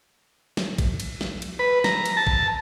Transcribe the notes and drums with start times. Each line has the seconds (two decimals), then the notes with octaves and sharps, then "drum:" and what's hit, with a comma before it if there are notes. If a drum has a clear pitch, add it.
0.57 drum: snare
0.78 drum: kick G#1, cymbal
1.00 drum: cymbal
1.21 drum: snare
1.42 drum: cymbal
1.59 B4
1.84 A#5, drum: snare
2.05 drum: cymbal
2.17 A5
2.27 drum: kick G#1